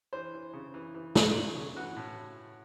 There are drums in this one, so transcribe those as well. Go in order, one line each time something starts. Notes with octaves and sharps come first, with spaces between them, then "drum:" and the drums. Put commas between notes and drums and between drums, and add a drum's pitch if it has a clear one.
E3 C5
E3
C#3
E3
E3
E3, drum: snare
C#3
C#3
E3 F#4
A2